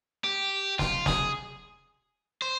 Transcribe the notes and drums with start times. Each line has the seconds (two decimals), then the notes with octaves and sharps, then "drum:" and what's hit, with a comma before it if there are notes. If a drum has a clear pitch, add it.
0.25 G4
0.79 F4, drum: snare
1.06 G#4, drum: snare
2.42 C5